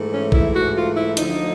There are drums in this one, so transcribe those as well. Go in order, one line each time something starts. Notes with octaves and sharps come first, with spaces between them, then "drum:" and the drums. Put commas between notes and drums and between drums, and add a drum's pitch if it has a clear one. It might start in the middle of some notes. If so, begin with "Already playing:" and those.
Already playing: G#2 E3 A3
C#4
E4, drum: kick
F#4
F4
E4
D2 D3 F3 D#4, drum: hi-hat